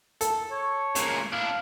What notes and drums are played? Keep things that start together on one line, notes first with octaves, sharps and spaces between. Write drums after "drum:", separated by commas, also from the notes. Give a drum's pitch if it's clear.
A4, drum: hi-hat
C#5
C#2 A#2, drum: hi-hat
D4 E4 F5